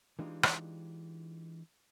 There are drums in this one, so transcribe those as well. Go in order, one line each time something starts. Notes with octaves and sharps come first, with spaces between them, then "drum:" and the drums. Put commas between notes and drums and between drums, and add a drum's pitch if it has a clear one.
E3 G#3 D4 D#4 F4 G4
drum: rim click